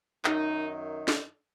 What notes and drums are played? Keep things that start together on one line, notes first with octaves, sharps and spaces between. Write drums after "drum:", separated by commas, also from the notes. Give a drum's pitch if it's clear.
F#2 D#3 D#4, drum: clap
drum: snare